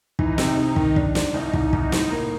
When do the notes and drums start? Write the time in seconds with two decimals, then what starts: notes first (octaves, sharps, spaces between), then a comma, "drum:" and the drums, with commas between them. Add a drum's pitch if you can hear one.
0.19 E3 D#4, drum: kick
0.38 C3, drum: snare
0.57 C3
0.76 D#3, drum: kick
0.96 D4, drum: kick
1.15 D4, drum: snare
1.34 C2 D#4
1.53 C2, drum: kick
1.73 C2, drum: kick
1.92 A2, drum: snare
2.11 A#3